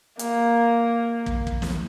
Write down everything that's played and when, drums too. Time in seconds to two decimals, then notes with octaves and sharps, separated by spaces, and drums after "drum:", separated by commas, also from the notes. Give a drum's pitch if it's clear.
0.19 A#3, drum: hi-hat
1.26 drum: kick
1.47 drum: kick
1.62 drum: snare